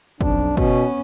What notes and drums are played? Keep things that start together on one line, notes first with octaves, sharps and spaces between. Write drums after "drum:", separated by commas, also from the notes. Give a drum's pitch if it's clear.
B1 F2 D4, drum: kick
B2 B3 C#4, drum: kick